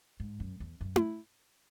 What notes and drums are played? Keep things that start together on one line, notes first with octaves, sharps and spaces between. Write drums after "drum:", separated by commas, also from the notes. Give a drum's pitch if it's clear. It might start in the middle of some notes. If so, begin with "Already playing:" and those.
G#2
F#2
E2
F#2
drum: tom E4